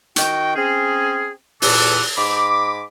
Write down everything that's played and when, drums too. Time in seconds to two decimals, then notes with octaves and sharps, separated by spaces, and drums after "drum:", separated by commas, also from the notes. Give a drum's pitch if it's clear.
0.16 D#3 F#4 G5, drum: hi-hat
0.56 C4 C#4 G#4
1.62 E2 A#2 A4 B4 D6, drum: open hi-hat
2.17 G#2 B5 D6